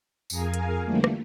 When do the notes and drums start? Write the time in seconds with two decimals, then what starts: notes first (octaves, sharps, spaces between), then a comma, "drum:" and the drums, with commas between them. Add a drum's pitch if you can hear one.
0.30 F2 G#4 A#4 F5 G#5, drum: tambourine
0.54 drum: hi-hat
0.83 D3 E3 F3 G3 A3 A#3
1.04 drum: rim click